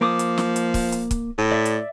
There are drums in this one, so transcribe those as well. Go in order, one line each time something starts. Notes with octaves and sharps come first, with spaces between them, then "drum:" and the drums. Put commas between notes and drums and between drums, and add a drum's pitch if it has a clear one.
F3 A#3 D6 D#6
drum: hi-hat
drum: snare
drum: hi-hat
drum: kick, open hi-hat
drum: hi-hat
drum: kick, hi-hat
A2
D5 E5
drum: hi-hat